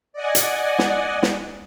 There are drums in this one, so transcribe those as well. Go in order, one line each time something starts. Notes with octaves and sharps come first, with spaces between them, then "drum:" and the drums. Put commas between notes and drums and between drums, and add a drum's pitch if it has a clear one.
D5 D#5 F#5 G#5
drum: hi-hat
drum: snare
drum: snare